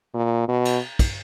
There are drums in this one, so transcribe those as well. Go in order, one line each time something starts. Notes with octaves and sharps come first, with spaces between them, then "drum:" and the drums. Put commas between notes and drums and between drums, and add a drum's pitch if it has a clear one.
A#2
B2
drum: cymbal
drum: kick, cymbal